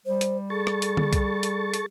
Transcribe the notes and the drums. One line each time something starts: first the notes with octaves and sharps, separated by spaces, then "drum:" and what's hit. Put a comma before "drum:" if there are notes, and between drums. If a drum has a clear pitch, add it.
G3 C5
drum: hi-hat
G#4 A4 C#6 A6
drum: rim click
drum: hi-hat
drum: tom D3
drum: kick B1, hi-hat
drum: hi-hat
drum: hi-hat